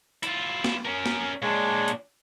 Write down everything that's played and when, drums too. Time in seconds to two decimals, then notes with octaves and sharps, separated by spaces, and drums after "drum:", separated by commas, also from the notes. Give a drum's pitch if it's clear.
0.23 E4 F4, drum: hi-hat
0.64 drum: snare A#3
0.85 C#4 A#4
1.06 drum: snare A#3
1.42 A#2 G#3 D4 C#5
1.88 drum: hi-hat